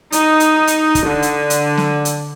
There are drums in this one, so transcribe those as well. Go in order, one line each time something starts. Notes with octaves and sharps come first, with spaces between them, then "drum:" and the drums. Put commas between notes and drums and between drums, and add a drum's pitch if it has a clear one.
D#4, drum: hi-hat
drum: hi-hat
drum: hi-hat
drum: kick, hi-hat
D3
drum: hi-hat
drum: hi-hat
drum: snare
drum: hi-hat